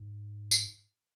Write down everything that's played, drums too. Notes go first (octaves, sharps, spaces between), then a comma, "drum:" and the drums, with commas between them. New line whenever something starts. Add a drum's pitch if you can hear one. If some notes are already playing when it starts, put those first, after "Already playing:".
Already playing: G#2
drum: tambourine